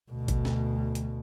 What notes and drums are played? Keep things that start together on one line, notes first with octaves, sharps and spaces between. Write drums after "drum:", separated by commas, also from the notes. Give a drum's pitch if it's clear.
D2 B2
drum: kick A1, hi-hat
drum: snare
drum: hi-hat